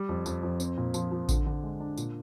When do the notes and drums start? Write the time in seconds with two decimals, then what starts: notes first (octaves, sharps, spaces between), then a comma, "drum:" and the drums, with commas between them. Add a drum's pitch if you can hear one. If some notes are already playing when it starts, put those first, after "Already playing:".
Already playing: G3
0.09 F2
0.26 F2, drum: tambourine
0.43 F2
0.60 C4, drum: tambourine
0.77 A#2
0.94 F3, drum: tambourine
1.11 F3
1.29 D3, drum: kick A1, tambourine
1.46 D3
1.63 G#3
1.80 D4
1.97 A#2, drum: tambourine